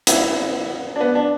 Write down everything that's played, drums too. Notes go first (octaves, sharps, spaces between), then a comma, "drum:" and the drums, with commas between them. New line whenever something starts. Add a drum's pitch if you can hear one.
E4, drum: hi-hat
D4
B3
D4